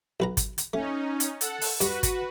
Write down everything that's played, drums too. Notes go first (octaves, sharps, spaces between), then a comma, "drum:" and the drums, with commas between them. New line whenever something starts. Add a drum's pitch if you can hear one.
B1 B4 A#5
drum: kick, hi-hat
drum: hi-hat
A3 C#4 D#4
drum: hi-hat
A4 F#5, drum: hi-hat
drum: open hi-hat
G2 F#4 B4, drum: hi-hat
drum: kick, hi-hat